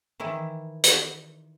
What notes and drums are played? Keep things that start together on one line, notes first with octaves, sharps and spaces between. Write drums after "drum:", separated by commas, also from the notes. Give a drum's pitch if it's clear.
D#3 E3 E4
drum: hi-hat